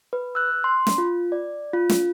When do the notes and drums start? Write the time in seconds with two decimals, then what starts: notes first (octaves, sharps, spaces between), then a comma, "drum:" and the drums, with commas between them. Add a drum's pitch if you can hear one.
0.13 B4
0.35 E6 F#6
0.64 C6
0.87 drum: snare
0.98 F4
1.32 D5
1.73 F4
1.89 drum: snare